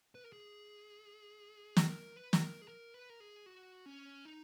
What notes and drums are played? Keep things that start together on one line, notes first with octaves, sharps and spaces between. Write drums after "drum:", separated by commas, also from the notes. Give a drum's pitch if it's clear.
B4
A#4
G#4
drum: snare
A#4
B4
drum: snare
A#4
G#4
A#4
B4
A#4
G#4
F#4
C#4
D#4